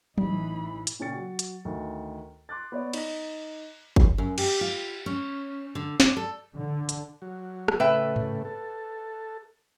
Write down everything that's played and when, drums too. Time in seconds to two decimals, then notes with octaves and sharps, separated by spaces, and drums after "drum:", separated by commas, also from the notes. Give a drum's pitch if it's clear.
0.18 A1 E3 D#4 B5, drum: tom F#3
0.87 drum: hi-hat
1.00 A#2 C#3 C#4 G5 A6 C#7
1.13 F#3 F#4
1.39 drum: hi-hat
1.65 D2 D#3
2.49 C6 D6 F#6 A6
2.72 B3 C#5 D5
2.93 D#4 A#6, drum: cymbal
3.96 drum: kick
4.18 F#2
4.38 G4, drum: cymbal
4.61 F4
5.06 C#4
5.75 D3
6.00 D5, drum: snare
6.17 A4
6.57 D3
6.89 drum: hi-hat
7.22 F#3
7.68 drum: rim click
7.80 A2 C#3 A3 B4 E5 G5
8.16 drum: tom G#2
8.45 A4